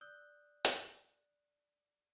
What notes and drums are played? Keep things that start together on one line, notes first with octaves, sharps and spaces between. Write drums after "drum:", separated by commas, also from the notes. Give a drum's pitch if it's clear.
D5 D#6 E6 F#6 G6 G7
drum: hi-hat